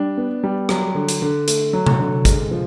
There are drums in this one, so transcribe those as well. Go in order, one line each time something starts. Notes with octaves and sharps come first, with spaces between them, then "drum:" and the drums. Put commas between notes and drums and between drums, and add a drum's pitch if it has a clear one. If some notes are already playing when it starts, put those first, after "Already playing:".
Already playing: G3 D4
B3
G3
F#3, drum: rim click
D3
drum: hi-hat
D3
A3, drum: hi-hat
F#3
drum: tom C3
D3
G#3, drum: kick, hi-hat
F3